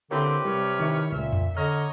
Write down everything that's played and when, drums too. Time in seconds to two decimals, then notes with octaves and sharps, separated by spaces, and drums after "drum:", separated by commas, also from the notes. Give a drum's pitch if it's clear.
0.11 D3 C4 E4 G4 A#4 B4 C#5
0.45 C3 G3 C#5 F6
0.80 D#3 E4
1.12 C#2 A#2 E5
1.33 drum: tom F2
1.57 D3 C#5 D#5 A#5 C#6 F6